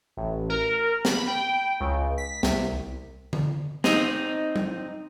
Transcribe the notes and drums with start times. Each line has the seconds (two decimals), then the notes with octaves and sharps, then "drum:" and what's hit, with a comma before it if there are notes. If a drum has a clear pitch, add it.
0.17 A1
0.50 A#4
1.05 B5, drum: snare
1.27 G5
1.80 C#2
2.18 B6
2.43 C2, drum: snare
3.33 drum: tom D3
3.84 C4 D#4, drum: snare
4.56 drum: tom